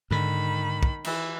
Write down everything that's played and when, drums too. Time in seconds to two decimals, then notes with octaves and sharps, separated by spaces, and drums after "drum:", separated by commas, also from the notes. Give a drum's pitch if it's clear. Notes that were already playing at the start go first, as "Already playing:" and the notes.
0.11 G#2 D3 D#3 B5
0.83 drum: kick
1.04 E3, drum: cymbal